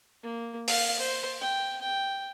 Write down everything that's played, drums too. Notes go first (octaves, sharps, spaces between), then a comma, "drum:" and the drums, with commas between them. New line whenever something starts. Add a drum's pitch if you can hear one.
A#3
F5, drum: open hi-hat
C5
G5
G5